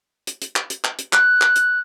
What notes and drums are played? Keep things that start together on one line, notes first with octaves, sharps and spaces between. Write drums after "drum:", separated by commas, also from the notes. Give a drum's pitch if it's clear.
drum: hi-hat
drum: hi-hat
drum: clap
drum: hi-hat
drum: clap
drum: hi-hat
F#6, drum: clap
drum: clap
drum: hi-hat